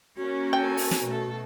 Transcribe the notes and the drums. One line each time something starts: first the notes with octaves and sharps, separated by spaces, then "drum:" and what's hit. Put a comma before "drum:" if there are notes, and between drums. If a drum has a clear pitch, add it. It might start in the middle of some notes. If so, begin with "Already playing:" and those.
A#3 C#4 F#4 A#4
A4 G5 G#5
drum: open hi-hat
drum: snare
B2 A3 A4